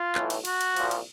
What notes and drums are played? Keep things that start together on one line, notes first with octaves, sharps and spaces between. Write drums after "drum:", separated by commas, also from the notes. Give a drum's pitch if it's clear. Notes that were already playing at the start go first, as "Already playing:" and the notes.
Already playing: F4
B1 A2 E3, drum: clap
drum: cymbal
F#4, drum: cymbal
drum: cymbal
C2 A#2 F3, drum: cymbal
drum: cymbal